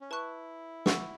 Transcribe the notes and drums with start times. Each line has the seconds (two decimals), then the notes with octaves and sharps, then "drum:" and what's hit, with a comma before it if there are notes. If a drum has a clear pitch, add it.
0.01 C#4
0.10 E4 B4 A5 C#6 F#6
0.86 F#5 C#6 E6, drum: snare